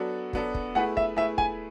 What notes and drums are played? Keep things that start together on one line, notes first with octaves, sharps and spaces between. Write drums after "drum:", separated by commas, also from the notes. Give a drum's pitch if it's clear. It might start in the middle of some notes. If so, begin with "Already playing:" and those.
Already playing: F#3 B3 D4 F#4 A4
F#3 B3 D4 F#4 A4, drum: kick
drum: kick
A3 E4 G#4 B4 F#5
E5, drum: kick
A3 E4 G#4 B4 E5
G#5, drum: kick